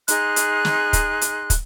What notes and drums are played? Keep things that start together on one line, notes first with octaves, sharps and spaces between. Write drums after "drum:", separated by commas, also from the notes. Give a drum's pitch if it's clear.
D#4 G#4 C6 F#6, drum: hi-hat
drum: hi-hat
drum: snare
drum: kick, hi-hat
drum: hi-hat
drum: kick, hi-hat